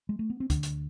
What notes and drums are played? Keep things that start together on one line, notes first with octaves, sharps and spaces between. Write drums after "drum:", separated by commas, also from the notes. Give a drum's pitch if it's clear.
G#3
A3
B3
C4
D2 D3 D4, drum: kick, hi-hat
drum: hi-hat